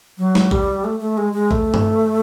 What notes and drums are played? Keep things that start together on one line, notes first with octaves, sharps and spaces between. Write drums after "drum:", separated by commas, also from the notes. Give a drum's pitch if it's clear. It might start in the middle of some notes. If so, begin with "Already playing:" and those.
F#3
drum: snare
G3, drum: kick A#1
A3
A3
G#3
G#3
A3, drum: kick A#1
drum: tom G2